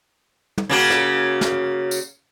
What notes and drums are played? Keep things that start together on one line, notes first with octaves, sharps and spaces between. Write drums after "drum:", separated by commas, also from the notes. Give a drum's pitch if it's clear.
drum: tom
C#3 A#3 F#4
drum: snare
drum: snare
drum: tambourine